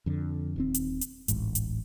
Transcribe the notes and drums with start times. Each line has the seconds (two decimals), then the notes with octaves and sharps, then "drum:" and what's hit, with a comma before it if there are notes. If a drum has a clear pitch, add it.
0.06 F2 D3
0.56 D#1 D#3 C4
0.74 drum: hi-hat
1.01 drum: hi-hat
1.28 D1 A1 G#2, drum: hi-hat
1.55 drum: hi-hat